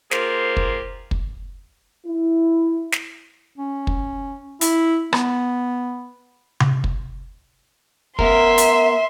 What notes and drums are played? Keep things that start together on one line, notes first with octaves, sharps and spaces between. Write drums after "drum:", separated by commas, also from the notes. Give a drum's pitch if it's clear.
A#3 F4 G4 G#4 A#4 C5, drum: snare
drum: kick
drum: kick
E4
drum: snare
C#4
drum: kick
E4, drum: hi-hat
B3, drum: rim click
drum: tom C3
drum: kick
B3 A#4 E5 C6, drum: kick
drum: hi-hat